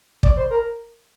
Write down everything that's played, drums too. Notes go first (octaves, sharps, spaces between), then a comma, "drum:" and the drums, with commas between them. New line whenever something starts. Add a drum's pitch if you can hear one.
D5, drum: kick
C5
A#4